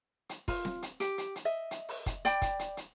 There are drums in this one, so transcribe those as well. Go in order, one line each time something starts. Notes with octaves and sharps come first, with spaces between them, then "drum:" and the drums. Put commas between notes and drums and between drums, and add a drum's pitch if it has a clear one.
drum: hi-hat
F4, drum: kick, open hi-hat
drum: snare C4
drum: hi-hat
G4, drum: hi-hat
drum: hi-hat
drum: hi-hat
D#5 E5
drum: hi-hat
drum: open hi-hat
drum: kick, hi-hat
D5 G5 B5, drum: hi-hat
drum: kick, hi-hat
drum: hi-hat
drum: hi-hat